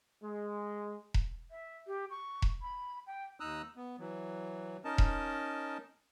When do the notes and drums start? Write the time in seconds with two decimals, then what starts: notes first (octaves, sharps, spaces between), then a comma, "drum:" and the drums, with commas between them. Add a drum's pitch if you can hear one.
0.22 G#3
1.14 drum: kick E1
1.49 E5
1.87 G4
2.10 C#6
2.42 drum: kick E1
2.62 B5
3.07 G5
3.40 D#2 D#4 A#5 D#6 E6 F#6
3.76 B3
3.99 E3 F#3
4.85 C#4 D#4 A#4 D#5 A5
4.98 drum: kick E1